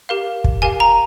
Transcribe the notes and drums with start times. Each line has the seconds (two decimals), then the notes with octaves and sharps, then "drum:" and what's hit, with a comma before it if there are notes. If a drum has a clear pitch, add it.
0.09 G4 A#4 F5
0.44 drum: kick
0.62 G4 A#4 F5 G#5
0.80 A#5